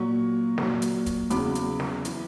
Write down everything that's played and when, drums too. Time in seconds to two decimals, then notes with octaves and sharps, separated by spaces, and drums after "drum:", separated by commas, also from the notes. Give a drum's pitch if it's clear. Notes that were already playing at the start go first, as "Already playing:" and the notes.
Already playing: A#2 F#3 C#6
0.58 A#2 F#3, drum: snare
0.82 drum: hi-hat
1.06 drum: kick, hi-hat
1.30 E2 C#3 F#3 B5 D6, drum: hi-hat
1.55 drum: hi-hat
1.80 drum: snare
2.05 E3, drum: hi-hat